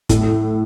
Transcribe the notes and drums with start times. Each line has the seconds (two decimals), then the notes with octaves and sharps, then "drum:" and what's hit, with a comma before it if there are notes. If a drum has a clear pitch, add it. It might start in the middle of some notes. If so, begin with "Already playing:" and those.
0.09 A2, drum: kick, hi-hat